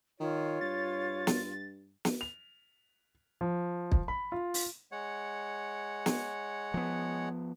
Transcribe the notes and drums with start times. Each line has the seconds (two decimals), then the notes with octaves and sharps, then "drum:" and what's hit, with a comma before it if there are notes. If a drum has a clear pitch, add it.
0.20 D#3 F4 C#5
0.61 G2 A6
1.27 drum: snare
2.05 drum: snare
2.21 F7
3.41 F3
3.92 drum: kick
4.08 B5
4.32 F4
4.54 drum: open hi-hat
4.92 G#3 C#5 F#5
6.06 drum: snare
6.74 F3 B3